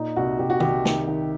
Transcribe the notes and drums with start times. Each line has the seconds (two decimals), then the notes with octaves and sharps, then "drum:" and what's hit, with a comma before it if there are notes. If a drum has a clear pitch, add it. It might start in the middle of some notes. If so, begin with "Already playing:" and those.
Already playing: A#2 D#4
0.16 C2 F#4
0.39 C2 G4
0.50 F#4
0.60 C2 G4, drum: tom D#3
0.85 D#3, drum: snare
1.08 D#3